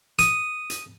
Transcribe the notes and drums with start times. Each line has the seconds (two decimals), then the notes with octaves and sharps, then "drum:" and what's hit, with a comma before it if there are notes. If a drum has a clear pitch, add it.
0.19 D#6, drum: hi-hat
0.70 drum: hi-hat